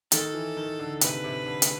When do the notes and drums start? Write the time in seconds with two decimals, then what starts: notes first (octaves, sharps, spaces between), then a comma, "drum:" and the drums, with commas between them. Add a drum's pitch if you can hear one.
0.12 D#3 A4, drum: hi-hat
0.34 E3
0.57 D#3
0.79 D3
1.01 C3 B4, drum: hi-hat
1.24 C3
1.46 D3
1.62 drum: hi-hat